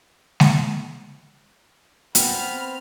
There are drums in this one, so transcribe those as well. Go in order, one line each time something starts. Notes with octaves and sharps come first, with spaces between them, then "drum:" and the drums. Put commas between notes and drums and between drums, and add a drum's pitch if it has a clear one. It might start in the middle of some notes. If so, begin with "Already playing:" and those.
drum: snare G#3
B3 C4 B5 F6, drum: hi-hat